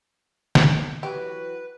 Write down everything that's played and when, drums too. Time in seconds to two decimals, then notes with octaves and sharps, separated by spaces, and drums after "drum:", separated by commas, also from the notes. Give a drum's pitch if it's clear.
0.55 drum: snare
1.03 E3 F#3 F#4 G4 B4